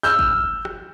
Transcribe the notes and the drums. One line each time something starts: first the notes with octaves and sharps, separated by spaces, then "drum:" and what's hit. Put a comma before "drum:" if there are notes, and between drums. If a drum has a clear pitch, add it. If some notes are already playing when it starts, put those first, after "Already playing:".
E6 F6 G6
drum: kick
drum: rim click